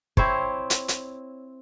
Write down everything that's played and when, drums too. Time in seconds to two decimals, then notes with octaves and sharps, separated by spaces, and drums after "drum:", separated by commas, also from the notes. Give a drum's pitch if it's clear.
0.17 C4 E4 C5 C#5, drum: kick
0.70 drum: hi-hat
0.88 drum: hi-hat